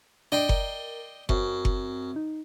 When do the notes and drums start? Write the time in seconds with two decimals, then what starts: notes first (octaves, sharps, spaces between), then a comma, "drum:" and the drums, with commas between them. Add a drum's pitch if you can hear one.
0.32 D4 D5 D#5 G5 C6
0.49 A#4, drum: kick F#1
1.29 F#2 C4, drum: kick F#1
1.65 drum: kick F#1
2.16 D#4